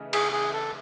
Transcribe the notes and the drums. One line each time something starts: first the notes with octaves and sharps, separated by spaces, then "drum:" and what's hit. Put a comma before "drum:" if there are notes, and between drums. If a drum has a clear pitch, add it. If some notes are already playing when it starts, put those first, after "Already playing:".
Already playing: C#3 E3 A3 D#4
G#4, drum: cymbal
G#4
A4